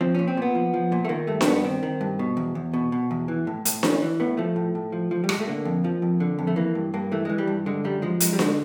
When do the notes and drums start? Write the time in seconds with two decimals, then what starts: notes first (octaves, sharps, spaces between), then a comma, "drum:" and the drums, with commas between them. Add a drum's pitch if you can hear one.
0.01 F3 C4
0.14 A#2 C#4
0.27 C4
0.37 A#2 B3
0.55 F3
0.74 F3
0.92 A#2
1.05 A3
1.09 D#3 A#3
1.27 G2 A3
1.41 C4, drum: snare D4
1.46 G2 B3
1.56 B3
1.64 D#3 C4
1.83 D#3
2.01 G2
2.19 B2
2.37 E2
2.55 E2
2.73 B2
2.92 B2
3.11 E2
3.28 E3
3.47 A2
3.65 A2, drum: hi-hat
3.83 E3 C#4, drum: snare D4
4.02 E3
4.20 A2 B3
4.37 F3 A3
4.56 A2
4.75 A2
4.92 F3
5.11 F3
5.24 G3
5.29 A2 G#3, drum: rim click
5.40 A3
5.47 D3 A#3
5.65 F2
5.84 F3
6.02 F2
6.20 D3
6.39 F2
6.47 A3
6.56 E3 A#3
6.75 G2
6.94 G2 A#3
7.12 E3 A3
7.25 E3 G#3
7.38 G3
7.47 G2
7.66 D3 G#3
7.84 F#2 G3
8.02 F3 G#3
8.20 F#2 G#3, drum: hi-hat
8.33 G3
8.39 D3 G#3, drum: snare D4